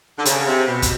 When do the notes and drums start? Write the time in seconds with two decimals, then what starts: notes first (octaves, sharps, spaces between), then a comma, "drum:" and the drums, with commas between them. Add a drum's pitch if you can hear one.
0.18 D3
0.25 C#3, drum: hi-hat
0.47 C3
0.68 B2
0.82 drum: kick, hi-hat